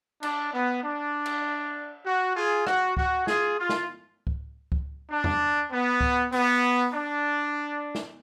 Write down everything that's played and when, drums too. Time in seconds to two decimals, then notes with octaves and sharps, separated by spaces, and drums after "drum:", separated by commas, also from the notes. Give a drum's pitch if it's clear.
0.23 D4, drum: cymbal
0.53 B3
0.83 D4
1.26 drum: cymbal
2.05 F#4
2.36 F4 G#4
2.67 F#4, drum: rim click
2.97 F#4, drum: kick C#2
3.27 F4 G#4, drum: snare
3.58 F4
3.69 drum: snare
4.27 drum: kick C#2
4.72 drum: kick C#2
5.10 D4
5.24 drum: tom E2
5.72 B3
6.01 drum: kick C#2
6.32 B3, drum: open hi-hat
6.93 D4
7.95 drum: snare